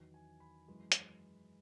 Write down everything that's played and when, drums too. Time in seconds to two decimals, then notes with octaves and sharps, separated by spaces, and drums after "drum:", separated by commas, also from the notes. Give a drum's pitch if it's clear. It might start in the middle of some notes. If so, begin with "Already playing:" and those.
Already playing: E2 D#3 F#3
0.14 G#5
0.40 B5
0.68 F#2 E3 G#3
0.92 drum: hi-hat